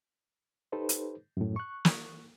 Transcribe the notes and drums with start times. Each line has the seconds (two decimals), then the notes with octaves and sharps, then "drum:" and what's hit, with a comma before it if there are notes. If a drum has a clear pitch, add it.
0.72 D#4 G4 A4 B4 C5
0.89 drum: hi-hat
1.37 F#2 A2
1.56 C#6 F#6
1.85 drum: snare